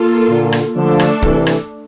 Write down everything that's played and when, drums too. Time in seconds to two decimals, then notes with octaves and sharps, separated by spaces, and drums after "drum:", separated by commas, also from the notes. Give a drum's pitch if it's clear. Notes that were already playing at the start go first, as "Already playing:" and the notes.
Already playing: A#3 F4 A4
0.29 A#2 D3
0.52 drum: rim click
0.75 D3 F3 A3 D4 A4
0.99 drum: rim click
1.22 C3 E3, drum: kick
1.47 drum: rim click